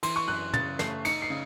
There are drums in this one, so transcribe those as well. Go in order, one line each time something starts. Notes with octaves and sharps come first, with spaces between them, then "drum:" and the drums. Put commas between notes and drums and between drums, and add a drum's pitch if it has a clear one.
E3 C6, drum: cymbal
C#6
F#2 F#6
C#3 A6, drum: tom
A3 C7, drum: snare
D#4 C#7, drum: cymbal
C7
C#3